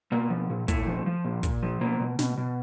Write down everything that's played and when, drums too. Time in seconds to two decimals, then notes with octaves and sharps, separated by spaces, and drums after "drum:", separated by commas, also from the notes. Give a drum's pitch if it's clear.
0.12 B2 A#3
0.30 F3
0.50 A#2
0.68 A#2 A3, drum: kick, hi-hat
0.87 F3
1.06 F3
1.25 A#2
1.43 A#2, drum: kick, hi-hat
1.63 F3
1.81 B2 A#3
2.00 B2
2.19 B2, drum: snare
2.37 B2